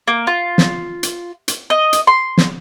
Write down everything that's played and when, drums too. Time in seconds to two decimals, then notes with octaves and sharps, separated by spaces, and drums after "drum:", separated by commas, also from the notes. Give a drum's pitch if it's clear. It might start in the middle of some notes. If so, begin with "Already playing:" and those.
0.08 A#3
0.27 F4
0.58 drum: snare
1.03 drum: hi-hat
1.48 drum: hi-hat
1.70 D#5
1.93 drum: hi-hat
2.07 C6
2.38 drum: snare